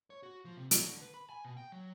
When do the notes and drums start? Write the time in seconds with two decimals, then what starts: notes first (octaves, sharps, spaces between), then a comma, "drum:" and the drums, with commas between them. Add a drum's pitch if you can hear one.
0.10 C#5
0.23 F#4
0.45 F3
0.56 C3
0.71 F#3, drum: hi-hat
0.87 D3
1.01 B4
1.14 B5
1.29 G#5
1.45 B2
1.57 G5
1.72 F#3